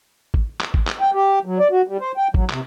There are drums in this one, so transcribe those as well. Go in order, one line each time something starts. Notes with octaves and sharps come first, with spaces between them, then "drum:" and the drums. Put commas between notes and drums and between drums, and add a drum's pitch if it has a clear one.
drum: kick A1
drum: clap
drum: kick A1
drum: clap
G5
G4
F#3
D5
F#4
G3
C5
G5
F#3, drum: kick A1
C3, drum: clap